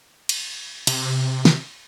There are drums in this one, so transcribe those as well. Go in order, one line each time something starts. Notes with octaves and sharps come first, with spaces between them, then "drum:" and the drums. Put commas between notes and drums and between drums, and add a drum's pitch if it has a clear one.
drum: cymbal
C3, drum: cymbal
drum: snare